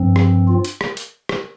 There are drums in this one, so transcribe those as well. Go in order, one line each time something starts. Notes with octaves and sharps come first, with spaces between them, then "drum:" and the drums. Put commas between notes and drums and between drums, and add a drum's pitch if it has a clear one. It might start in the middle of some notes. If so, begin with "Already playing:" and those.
Already playing: G2 F3 C4
drum: rim click
F4
drum: hi-hat
drum: rim click
drum: hi-hat
drum: rim click